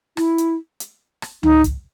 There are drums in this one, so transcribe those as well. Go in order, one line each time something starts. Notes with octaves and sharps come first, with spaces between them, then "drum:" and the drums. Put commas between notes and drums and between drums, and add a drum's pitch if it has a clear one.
E4, drum: rim click
drum: hi-hat
drum: hi-hat
drum: rim click
D#4, drum: tom C#2
drum: kick, hi-hat